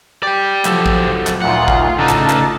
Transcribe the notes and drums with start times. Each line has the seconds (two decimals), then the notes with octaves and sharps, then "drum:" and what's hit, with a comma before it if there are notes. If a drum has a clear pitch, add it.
0.23 G4 D5 G5
0.65 F3 F#3 A4, drum: clap
0.86 drum: kick
1.27 drum: clap
1.42 D2 A#2 D#4 F4 F#5
1.68 drum: kick
1.99 A1 C#3 D4 D#4 F4 A4 A5
2.09 drum: clap
2.30 drum: clap